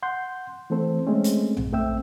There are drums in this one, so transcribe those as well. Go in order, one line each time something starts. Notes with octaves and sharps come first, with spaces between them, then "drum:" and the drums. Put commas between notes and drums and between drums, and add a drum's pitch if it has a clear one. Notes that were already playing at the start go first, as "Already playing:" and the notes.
F#5 C6 G6
E3 A3 C4 A4 C5
G#3 A3 C4 C#4
drum: hi-hat
drum: tom A#1
A3 C4 E5 G5 E6